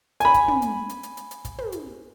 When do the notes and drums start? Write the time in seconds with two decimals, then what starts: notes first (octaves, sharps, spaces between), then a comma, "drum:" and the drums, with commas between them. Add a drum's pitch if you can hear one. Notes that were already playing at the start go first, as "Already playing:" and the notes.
0.20 G#5 B5, drum: hi-hat
0.34 drum: kick, hi-hat
0.48 drum: tom
0.62 drum: hi-hat
0.89 drum: hi-hat
1.03 drum: hi-hat
1.17 drum: hi-hat
1.31 drum: hi-hat
1.45 drum: kick, hi-hat
1.58 drum: tom
1.72 drum: hi-hat